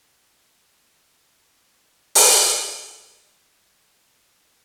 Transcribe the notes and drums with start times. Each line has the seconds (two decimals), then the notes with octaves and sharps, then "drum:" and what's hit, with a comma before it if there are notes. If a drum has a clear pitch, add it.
0.14 D#5
1.15 B2 D#3 B4 D5
2.15 drum: open hi-hat
2.80 C#3 F3 F#3 A3 C4